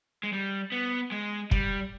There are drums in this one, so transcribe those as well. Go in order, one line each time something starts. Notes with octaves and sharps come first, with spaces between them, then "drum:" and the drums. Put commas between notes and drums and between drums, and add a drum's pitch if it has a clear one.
G#3
G3
B3
G#3
G3, drum: kick